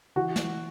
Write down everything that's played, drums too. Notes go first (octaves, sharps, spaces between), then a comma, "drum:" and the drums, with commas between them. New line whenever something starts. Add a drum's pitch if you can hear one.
E3 F#4
drum: snare